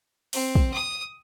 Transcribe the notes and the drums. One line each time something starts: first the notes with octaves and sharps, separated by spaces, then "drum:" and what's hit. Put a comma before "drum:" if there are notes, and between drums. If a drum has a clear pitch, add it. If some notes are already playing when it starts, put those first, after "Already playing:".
C4, drum: open hi-hat
drum: kick
D#6